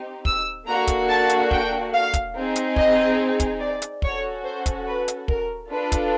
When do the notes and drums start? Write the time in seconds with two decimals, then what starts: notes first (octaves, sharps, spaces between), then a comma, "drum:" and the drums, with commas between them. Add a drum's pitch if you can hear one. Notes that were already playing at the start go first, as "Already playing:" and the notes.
Already playing: C4 D#4 G4
0.25 E6, drum: kick
0.66 A#3 D4 F#4 A4 A#5
0.87 drum: kick, hi-hat
1.09 A5
1.29 drum: hi-hat
1.51 G5, drum: kick
1.93 F5
2.14 drum: kick, hi-hat
2.35 C4 D#4 G#4
2.56 drum: hi-hat
2.76 D#5, drum: kick
3.40 drum: kick, hi-hat
3.60 D5
3.82 drum: hi-hat
4.02 C#4 F#4 A4 C#5, drum: kick
4.45 C5
4.66 drum: kick, hi-hat
4.86 B4
5.08 drum: hi-hat
5.28 A#4, drum: kick
5.71 D4 F4 A4 B4
5.92 drum: kick, hi-hat